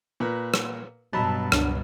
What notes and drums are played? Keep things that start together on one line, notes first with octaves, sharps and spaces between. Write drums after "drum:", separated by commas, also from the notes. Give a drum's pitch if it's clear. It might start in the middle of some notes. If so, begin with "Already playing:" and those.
A#2 A#4 B4
drum: rim click
G2 B2 F#3 D#5 A5 B5 E6
C#2 D4, drum: rim click